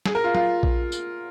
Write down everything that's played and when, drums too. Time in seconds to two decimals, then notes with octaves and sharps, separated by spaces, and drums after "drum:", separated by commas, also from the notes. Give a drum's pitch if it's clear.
0.06 G#4, drum: snare
0.15 A#4
0.24 F4
0.35 F4, drum: tom
0.63 drum: kick A#1
0.92 drum: tambourine